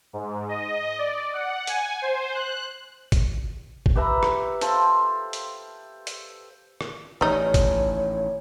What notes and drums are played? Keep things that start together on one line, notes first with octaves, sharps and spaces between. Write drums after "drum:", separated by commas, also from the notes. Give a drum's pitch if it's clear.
G#2
D#5
D5
F#5
G#5, drum: hi-hat
C5
F#6
drum: kick, hi-hat
drum: kick
G4 B4 E5 A#5
drum: rim click
A4 C5 F5, drum: hi-hat
drum: hi-hat
drum: hi-hat
drum: rim click
A1 D#3 G3 D#4 C#5
drum: kick, hi-hat